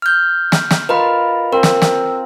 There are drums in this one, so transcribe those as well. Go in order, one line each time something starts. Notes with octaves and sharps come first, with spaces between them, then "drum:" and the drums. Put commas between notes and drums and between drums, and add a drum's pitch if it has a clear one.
F6 G6
drum: snare
drum: snare
F4 A#4 B4 D#5 B5
C4 A#4
drum: snare
drum: snare